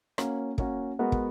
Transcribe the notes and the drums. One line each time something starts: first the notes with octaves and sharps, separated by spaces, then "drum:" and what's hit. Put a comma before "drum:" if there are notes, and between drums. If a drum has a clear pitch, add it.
A#3 C#4 F#4, drum: rim click
A#3 C#4 F#4, drum: kick
G#3 B3 F#4 A#4
drum: kick